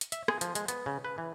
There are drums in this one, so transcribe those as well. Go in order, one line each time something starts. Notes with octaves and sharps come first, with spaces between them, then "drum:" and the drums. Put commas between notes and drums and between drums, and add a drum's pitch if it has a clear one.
drum: hi-hat
E5, drum: hi-hat
G#4, drum: rim click
F3, drum: hi-hat
G#3, drum: hi-hat
B3, drum: hi-hat
C#3
B4
E3